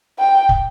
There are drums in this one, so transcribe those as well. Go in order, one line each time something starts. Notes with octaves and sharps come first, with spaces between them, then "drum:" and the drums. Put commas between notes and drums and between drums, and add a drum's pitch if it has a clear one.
G5
drum: kick